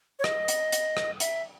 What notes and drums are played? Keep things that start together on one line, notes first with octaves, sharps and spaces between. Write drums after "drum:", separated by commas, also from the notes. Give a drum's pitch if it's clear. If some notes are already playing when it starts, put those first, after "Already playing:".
C#5
D#5, drum: rim click
drum: hi-hat
drum: hi-hat
drum: rim click
E5, drum: hi-hat